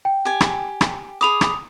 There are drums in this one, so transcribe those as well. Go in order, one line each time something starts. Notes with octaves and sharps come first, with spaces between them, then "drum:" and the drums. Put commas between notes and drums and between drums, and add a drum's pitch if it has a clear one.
G5
G4 G#5
drum: rim click
drum: rim click
G#4 B5 D6 D#6 F7
drum: rim click